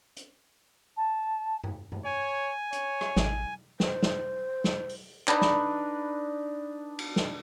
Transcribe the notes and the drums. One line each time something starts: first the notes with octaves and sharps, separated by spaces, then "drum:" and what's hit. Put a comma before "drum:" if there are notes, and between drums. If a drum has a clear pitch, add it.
drum: hi-hat
A5
drum: tom G2
drum: tom G2
C#5 G#5
C#5, drum: hi-hat
drum: rim click
A1, drum: snare
C5, drum: snare
drum: snare
drum: snare
drum: open hi-hat
D4 D#4 B4, drum: clap
drum: snare
drum: cymbal
drum: snare